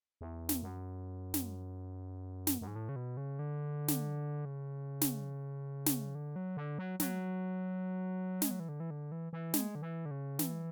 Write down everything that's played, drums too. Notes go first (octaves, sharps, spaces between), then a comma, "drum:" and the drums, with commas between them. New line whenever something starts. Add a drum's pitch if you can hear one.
E2
drum: snare
F#2
drum: snare
drum: snare
F#2
G#2
A2
C#3
B2
C#3
D3
drum: snare
C#3
drum: snare
drum: snare
D3
F#3
D3
F#3
F#3, drum: snare
G#3, drum: snare
F#3
E3
D3
E3
D3
E3
E3
G#3, drum: snare
D3
E3
D3
C#3
E3, drum: snare